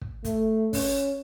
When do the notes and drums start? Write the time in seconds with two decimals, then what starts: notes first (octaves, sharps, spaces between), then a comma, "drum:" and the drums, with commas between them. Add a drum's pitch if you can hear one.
0.01 drum: kick
0.25 A3, drum: kick, hi-hat
0.73 C#4, drum: kick, open hi-hat